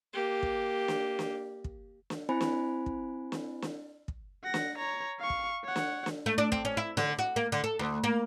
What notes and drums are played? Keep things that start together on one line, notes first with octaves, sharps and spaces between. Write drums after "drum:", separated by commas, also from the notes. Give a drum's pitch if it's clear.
A#3 G4
drum: kick
drum: snare
drum: snare
drum: kick
drum: snare
C4 E4 C5 G#5 B5
drum: snare
drum: kick
drum: snare
drum: snare
drum: kick
F#5 A#6
drum: snare
C#5 A#5
F5 C#6
drum: kick
C#5 F#5
drum: snare
drum: snare
A3
D4
C4, drum: kick
C#4
E4
D3, drum: snare
F#4
A#3
D3
A4
D2
A#3